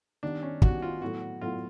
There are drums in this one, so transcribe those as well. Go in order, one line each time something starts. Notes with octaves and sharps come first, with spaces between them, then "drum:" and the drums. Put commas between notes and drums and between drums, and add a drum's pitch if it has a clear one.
D#3 G3 B3 D4
C#4
D#3 G3 B3 F#4, drum: kick
F4
A2 F#3 B3 E4 F#4
A2 F#3 B3 E4 F4